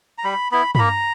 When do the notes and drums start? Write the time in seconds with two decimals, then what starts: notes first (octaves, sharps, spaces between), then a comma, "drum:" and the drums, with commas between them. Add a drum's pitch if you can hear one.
0.18 A#5
0.24 G3 B5
0.52 B3 E4 B5
0.75 B5, drum: tom G2
0.79 A#3 A#5